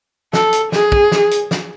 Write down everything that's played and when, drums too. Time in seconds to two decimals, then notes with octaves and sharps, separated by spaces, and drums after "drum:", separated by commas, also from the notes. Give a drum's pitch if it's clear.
0.33 A4, drum: snare
0.53 drum: hi-hat
0.72 G#4, drum: snare
0.92 drum: kick
1.12 drum: snare
1.31 drum: hi-hat
1.51 drum: snare